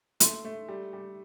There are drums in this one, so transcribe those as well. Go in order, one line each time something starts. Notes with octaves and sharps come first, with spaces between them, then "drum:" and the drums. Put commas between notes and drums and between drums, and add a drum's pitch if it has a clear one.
A3 C6, drum: hi-hat
A3
G3
G3